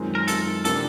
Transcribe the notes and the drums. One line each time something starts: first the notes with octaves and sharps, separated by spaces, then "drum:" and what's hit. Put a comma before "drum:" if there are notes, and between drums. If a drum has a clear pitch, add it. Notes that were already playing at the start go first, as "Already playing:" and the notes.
Already playing: F#2 D#3 G#3 C4 F4
A#4
A4, drum: hi-hat
C3 F3 A#3 D4 A4, drum: hi-hat